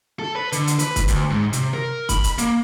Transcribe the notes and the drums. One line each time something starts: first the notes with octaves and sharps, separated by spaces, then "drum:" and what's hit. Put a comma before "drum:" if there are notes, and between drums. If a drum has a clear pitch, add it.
A4
B4
D3, drum: hi-hat
drum: hi-hat
B4, drum: hi-hat
drum: kick, hi-hat
D2, drum: hi-hat
G#2
C3, drum: hi-hat
A#4
B5, drum: kick, hi-hat
drum: hi-hat
A#3, drum: hi-hat